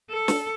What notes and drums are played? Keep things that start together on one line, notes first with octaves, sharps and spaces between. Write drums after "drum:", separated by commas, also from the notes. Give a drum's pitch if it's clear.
A4
drum: snare